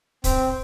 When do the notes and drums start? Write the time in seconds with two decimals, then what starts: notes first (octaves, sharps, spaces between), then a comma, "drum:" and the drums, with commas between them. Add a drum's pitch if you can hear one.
0.24 C4, drum: kick, hi-hat